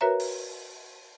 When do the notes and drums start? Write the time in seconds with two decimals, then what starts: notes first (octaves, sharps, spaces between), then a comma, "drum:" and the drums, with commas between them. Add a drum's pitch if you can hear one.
0.01 F#4 A#4 B4 C#5 E5 A#5
0.20 drum: open hi-hat